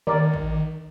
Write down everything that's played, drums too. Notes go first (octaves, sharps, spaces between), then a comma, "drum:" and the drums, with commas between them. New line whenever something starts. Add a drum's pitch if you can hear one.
D#3 A#4 D5
drum: kick